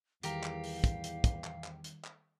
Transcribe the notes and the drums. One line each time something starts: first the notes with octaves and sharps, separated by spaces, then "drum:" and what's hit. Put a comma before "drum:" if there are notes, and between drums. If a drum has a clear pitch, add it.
E2 D#3 G3 G4 A#4 F5, drum: hi-hat
drum: clap
drum: open hi-hat
drum: kick, hi-hat
drum: hi-hat
drum: kick, hi-hat
drum: clap
drum: clap
drum: hi-hat
drum: clap